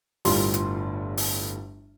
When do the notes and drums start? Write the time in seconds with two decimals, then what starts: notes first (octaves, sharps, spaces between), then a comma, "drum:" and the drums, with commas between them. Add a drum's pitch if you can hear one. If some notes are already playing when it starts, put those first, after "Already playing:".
0.25 G1 A2 G3 F4 C6, drum: open hi-hat
0.54 drum: hi-hat
1.17 drum: open hi-hat